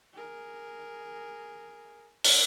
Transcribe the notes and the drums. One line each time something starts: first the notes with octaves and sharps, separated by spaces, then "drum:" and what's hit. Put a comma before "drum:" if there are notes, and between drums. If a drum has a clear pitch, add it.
G#4 A#4
drum: open hi-hat